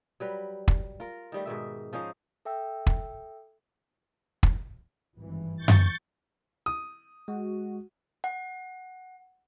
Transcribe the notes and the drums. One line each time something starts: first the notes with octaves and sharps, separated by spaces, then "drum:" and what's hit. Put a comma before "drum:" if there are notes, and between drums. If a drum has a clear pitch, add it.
F#3 G3 B4
drum: kick
F4 A#4
D#3 G3 A3
G#2 B2 D#3 E5
F3 C#4 D#4 C5
A4 E5 G5 E6
drum: kick
drum: kick
G#1 G2 E3
C#6 G6 A6
drum: tom F#2
D#6
G#3 F#4
F#5